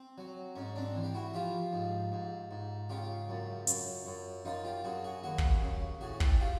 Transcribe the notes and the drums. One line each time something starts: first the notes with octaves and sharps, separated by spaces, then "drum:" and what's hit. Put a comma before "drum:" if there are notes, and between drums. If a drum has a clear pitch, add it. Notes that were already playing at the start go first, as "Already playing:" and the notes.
Already playing: C4
F#3
G#2 C#4
C4 D4
E3
G4
E4 F#4
F3 F4 G4
G#2
G#2
G#2
C#3 F4 G4
F#2
F#2, drum: hi-hat
F#2
F#2 D#4 F4
F4 G4
F#2 F#4 G#4
F#4 G#4
D#2 F#4 G#4
drum: kick
C#3
A2 F#4 G#4
G4 A4, drum: kick
F4 G4